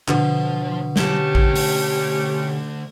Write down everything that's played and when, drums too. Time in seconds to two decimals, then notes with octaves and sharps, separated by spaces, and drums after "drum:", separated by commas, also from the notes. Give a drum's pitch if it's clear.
0.08 B2 D3 F3, drum: clap
0.96 D2 A3 C#4 G4 A5, drum: snare
1.35 drum: kick A1
1.55 drum: open hi-hat